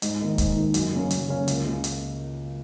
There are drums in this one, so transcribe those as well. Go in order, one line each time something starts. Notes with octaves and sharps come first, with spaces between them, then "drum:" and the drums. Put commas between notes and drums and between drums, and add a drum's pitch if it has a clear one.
G#2, drum: hi-hat
D#3 A#3 D#4
G#2, drum: kick, hi-hat
D#3 A#3 D#4
F#2, drum: hi-hat
C#3 A#3 C#4
F#2, drum: hi-hat
C#3 A#3 C#4
C#2, drum: hi-hat
C#3 A#3
drum: hi-hat